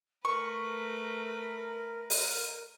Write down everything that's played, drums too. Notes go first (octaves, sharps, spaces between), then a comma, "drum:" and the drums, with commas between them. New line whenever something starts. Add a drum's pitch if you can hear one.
A3 A#4 B4 C#6
drum: open hi-hat